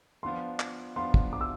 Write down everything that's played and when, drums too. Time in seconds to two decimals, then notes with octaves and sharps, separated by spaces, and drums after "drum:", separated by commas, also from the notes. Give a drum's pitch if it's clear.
0.23 F3 B3 D4 F4 C6
0.60 drum: clap
0.96 F3 B3 D4 F4 C6
1.14 drum: kick
1.33 D6
1.41 E6